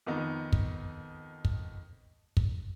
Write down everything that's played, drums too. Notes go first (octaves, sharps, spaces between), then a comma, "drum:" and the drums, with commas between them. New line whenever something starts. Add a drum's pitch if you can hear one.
F2 D#3 B3 D#4
drum: kick
drum: kick
drum: kick